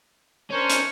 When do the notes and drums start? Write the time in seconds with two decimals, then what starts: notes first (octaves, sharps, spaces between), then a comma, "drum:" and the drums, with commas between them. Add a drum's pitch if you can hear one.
0.51 C#4 D4 A#4 C5 C#5
0.69 drum: hi-hat